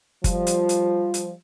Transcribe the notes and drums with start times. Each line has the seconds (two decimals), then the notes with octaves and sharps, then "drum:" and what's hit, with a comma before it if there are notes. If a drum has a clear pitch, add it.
0.24 F3 G3, drum: kick, hi-hat
0.47 drum: hi-hat
0.69 drum: hi-hat
1.14 drum: hi-hat